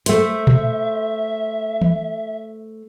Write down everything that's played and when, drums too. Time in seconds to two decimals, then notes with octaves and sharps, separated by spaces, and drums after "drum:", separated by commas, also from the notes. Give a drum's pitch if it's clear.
0.06 A3 C5 E5, drum: hi-hat
0.47 drum: tom A#2
1.82 drum: tom